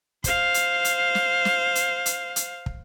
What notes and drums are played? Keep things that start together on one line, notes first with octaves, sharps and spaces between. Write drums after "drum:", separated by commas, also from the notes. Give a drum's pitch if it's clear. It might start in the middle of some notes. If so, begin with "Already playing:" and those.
C5 F5, drum: kick, hi-hat
drum: hi-hat
drum: hi-hat
drum: snare
drum: snare
drum: hi-hat
drum: hi-hat
drum: hi-hat
drum: kick